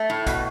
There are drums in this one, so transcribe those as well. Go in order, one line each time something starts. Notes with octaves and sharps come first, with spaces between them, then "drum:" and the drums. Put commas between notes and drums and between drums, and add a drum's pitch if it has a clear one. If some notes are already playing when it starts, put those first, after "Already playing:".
Already playing: A3
A2
B2, drum: kick, hi-hat